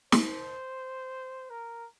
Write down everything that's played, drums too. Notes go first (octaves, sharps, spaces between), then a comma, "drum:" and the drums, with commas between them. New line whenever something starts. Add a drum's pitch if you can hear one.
C5, drum: snare
A#4